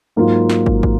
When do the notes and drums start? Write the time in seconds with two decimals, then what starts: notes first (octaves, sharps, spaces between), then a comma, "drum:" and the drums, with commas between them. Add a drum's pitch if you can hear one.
0.16 G#2 F#3 A#3 F4
0.49 drum: snare
0.66 drum: kick
0.83 drum: kick